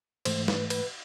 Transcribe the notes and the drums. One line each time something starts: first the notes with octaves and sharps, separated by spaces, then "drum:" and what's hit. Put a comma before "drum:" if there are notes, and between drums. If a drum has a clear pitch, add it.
G#2 E3 A3 C5, drum: cymbal
B4, drum: snare
B4, drum: cymbal